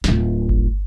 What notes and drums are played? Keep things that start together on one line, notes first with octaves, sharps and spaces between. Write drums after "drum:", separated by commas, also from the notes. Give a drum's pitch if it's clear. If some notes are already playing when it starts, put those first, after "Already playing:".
D1 F4, drum: snare
drum: kick G1